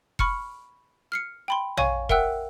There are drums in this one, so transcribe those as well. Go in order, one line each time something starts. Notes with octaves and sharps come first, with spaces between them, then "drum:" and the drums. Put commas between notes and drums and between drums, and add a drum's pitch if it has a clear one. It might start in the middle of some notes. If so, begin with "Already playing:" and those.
B5 C#6 F6 C#7, drum: kick F1
F6 C7 C#7
G5 B5 C6
C#5 F5 G#5 C#6, drum: tom A#1
A#4 E5 F#5 G5 E6 F#6, drum: kick F1